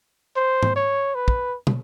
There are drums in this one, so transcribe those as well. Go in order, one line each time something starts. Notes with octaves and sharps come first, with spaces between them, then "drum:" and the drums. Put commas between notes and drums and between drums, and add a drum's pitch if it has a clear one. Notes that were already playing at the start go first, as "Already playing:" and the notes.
C5
drum: tom G#2
C#5
B4
drum: kick
drum: tom